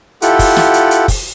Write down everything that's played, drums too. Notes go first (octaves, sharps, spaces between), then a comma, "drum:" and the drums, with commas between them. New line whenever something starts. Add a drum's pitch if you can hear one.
E4 F4 G4 A4 F#5, drum: hi-hat
drum: kick, open hi-hat
drum: snare
drum: hi-hat
drum: hi-hat
drum: kick, open hi-hat